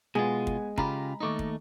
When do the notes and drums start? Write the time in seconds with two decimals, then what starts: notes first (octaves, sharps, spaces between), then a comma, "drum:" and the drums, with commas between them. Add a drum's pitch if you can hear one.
0.15 B2 G#3 B3 F4 G#5
0.47 drum: kick
0.78 C#3 F4 G4 A#5 B5, drum: kick
1.20 D#2 A3 D#4 D#5 C#6 D6
1.39 drum: kick